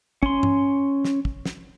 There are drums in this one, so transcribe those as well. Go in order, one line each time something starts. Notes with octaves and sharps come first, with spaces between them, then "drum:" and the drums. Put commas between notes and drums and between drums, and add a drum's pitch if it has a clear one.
C#4 C6, drum: kick
drum: tom G2
drum: snare
drum: kick
drum: snare